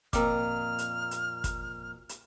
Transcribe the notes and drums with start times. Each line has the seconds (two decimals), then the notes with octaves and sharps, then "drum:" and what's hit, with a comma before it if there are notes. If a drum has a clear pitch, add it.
0.13 F2 A#2 A#4 G5 A#5 D6 F6, drum: kick, hi-hat
0.78 drum: hi-hat
1.11 drum: hi-hat
1.44 drum: kick, hi-hat
2.09 drum: hi-hat